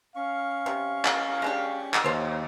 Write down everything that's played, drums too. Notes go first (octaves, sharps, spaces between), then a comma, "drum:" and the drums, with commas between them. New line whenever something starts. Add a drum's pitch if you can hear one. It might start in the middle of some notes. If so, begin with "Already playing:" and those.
C#4 F5 C#6
C3
drum: clap
G#3 D4 G4
drum: clap
D#2 C5 C#5